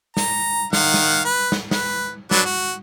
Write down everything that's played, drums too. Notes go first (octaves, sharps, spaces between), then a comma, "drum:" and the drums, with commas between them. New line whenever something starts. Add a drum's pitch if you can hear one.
A#5, drum: snare
D#3 F5 F#5, drum: snare
drum: snare
B4
drum: snare
B4, drum: snare
F#3 D4 B4, drum: snare
F#4